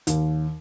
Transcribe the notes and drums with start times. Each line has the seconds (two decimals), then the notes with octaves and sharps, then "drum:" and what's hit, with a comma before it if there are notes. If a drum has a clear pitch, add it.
0.07 D#2, drum: hi-hat